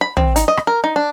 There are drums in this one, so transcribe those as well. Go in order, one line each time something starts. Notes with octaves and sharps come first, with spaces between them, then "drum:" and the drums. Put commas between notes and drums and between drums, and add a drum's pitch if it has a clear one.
B5
C4, drum: tom
D#4, drum: hi-hat
D#5
drum: rim click
A#4
D#4
D4